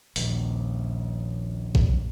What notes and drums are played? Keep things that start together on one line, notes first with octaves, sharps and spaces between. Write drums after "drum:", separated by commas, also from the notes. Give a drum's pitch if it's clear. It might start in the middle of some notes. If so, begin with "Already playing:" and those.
A#1 D#2, drum: open hi-hat
drum: kick